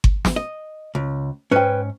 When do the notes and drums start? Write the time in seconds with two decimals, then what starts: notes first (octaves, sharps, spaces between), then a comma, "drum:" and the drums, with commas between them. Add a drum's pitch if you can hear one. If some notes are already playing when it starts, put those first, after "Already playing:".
0.04 drum: kick G1
0.25 drum: snare
0.36 D#5
0.95 C#2
1.51 G#2 C#4 B4 G5